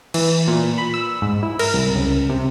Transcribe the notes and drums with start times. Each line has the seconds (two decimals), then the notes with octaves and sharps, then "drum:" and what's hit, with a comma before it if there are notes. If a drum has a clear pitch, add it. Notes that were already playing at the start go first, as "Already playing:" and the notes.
0.14 E3, drum: cymbal
0.48 A#2
0.78 B5
0.94 E6
1.22 G#2
1.43 E4
1.59 A#4, drum: cymbal
1.73 C2
1.95 C#2
2.29 C3